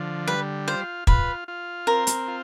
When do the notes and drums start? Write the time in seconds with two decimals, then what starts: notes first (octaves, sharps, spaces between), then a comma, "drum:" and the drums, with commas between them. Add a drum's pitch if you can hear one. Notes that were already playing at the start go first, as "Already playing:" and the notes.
Already playing: D3 F3
0.27 G3 B4
0.68 F4 C5
1.07 F4 B4, drum: kick
1.48 F4
1.87 C4 A#4
2.07 drum: hi-hat
2.28 F4